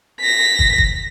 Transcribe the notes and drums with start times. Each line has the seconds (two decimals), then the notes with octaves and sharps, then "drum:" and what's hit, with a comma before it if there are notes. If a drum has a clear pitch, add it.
0.21 A#6 B6
0.59 drum: kick
0.78 drum: kick